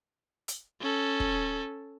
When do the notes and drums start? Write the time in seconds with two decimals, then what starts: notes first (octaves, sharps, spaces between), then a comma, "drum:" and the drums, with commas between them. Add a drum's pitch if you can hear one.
0.48 drum: hi-hat
0.80 C#4 A4
1.20 drum: kick